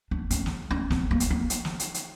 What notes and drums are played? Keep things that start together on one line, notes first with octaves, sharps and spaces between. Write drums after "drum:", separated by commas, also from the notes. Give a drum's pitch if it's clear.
D4
C#4, drum: hi-hat
drum: snare
C#4
C4, drum: snare
A#3
drum: hi-hat
A#3
drum: hi-hat
drum: snare
drum: hi-hat
drum: hi-hat